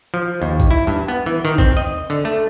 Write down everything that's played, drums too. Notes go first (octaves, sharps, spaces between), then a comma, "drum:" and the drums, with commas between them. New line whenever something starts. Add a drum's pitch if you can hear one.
F3
D#2
drum: kick A#1, tambourine
E4
G2, drum: tambourine
B3, drum: tambourine
E3
D#3
C4, drum: kick A#1, tambourine
D#5
D3, drum: tambourine
A3